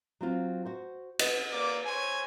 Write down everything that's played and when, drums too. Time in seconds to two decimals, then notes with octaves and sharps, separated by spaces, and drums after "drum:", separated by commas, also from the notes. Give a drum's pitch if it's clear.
0.21 F#3 C4 F4
0.65 F#4 C5
1.19 B4 D#5 F#5, drum: cymbal
1.51 A#3 D5 D6
1.85 C5 C#5 G#5